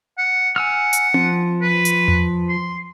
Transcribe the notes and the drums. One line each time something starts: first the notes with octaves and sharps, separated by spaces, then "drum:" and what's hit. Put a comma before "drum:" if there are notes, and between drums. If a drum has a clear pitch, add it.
F#5
F#5 G#5 E6 F6
drum: hi-hat
F3, drum: tom C4
B4
drum: hi-hat
drum: tom E2
C6